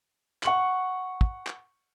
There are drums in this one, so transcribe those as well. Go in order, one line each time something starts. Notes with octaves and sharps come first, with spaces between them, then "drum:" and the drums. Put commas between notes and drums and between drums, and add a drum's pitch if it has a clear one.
F#5 C#6 F#7, drum: clap
drum: kick
drum: clap